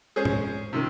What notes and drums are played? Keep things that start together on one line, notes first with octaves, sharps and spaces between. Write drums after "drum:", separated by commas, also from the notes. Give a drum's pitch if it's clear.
G#3 C#4 G#4 C5
drum: tom
C3 D#3